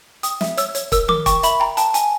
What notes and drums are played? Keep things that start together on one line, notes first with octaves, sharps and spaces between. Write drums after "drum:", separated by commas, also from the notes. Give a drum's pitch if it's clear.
G5 D#6, drum: hi-hat
E5, drum: snare
C#5 E6, drum: hi-hat
C#5, drum: hi-hat
A#4 E6, drum: kick, hi-hat
A#4 D6, drum: tom D#3
G5 C#6, drum: kick, hi-hat
E5 B5, drum: hi-hat
G5 A#5
G5 A5, drum: hi-hat
G5 G#5, drum: hi-hat